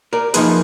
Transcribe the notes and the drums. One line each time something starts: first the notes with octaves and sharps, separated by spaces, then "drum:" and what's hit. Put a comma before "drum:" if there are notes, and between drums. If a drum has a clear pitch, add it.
A#4 D5
F#2 F3 A#3 D#4 G#4 B4, drum: hi-hat